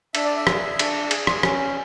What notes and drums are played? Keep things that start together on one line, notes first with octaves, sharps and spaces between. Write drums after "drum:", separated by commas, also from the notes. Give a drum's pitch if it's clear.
D4 E5, drum: cymbal
D5
E5
G#4, drum: rim click
D4, drum: cymbal
G#4, drum: cymbal
drum: rim click
C#4, drum: rim click